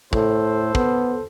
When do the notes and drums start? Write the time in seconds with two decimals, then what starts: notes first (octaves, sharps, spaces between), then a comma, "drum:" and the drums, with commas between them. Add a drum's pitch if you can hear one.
0.13 A2 A4 C5, drum: kick
0.75 B3, drum: kick